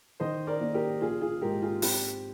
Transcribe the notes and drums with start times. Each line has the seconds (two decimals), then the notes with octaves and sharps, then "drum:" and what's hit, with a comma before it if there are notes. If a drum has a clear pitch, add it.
0.20 D#3 C5 D#5
0.47 A#4 D5
0.61 A#3
0.74 G4 A#4
1.01 A#1 F4 G#4
1.21 F4 G#4
1.42 G#2 G4 A#4
1.62 F4 G#4
1.82 C4 G4, drum: open hi-hat